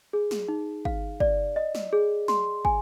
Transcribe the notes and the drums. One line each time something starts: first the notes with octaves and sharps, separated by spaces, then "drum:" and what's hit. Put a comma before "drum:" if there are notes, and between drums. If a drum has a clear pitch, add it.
G#4
drum: snare
D#4
F5, drum: kick
D5, drum: kick
D#5
drum: snare
G#4
C6, drum: snare
G#5, drum: kick